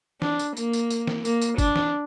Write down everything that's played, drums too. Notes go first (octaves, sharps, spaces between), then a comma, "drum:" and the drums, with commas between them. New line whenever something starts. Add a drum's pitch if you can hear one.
D4, drum: snare
drum: tambourine
A#3, drum: tambourine
drum: tambourine
drum: tambourine
drum: snare
A#3, drum: tambourine
drum: tambourine
D4, drum: kick, tambourine
drum: snare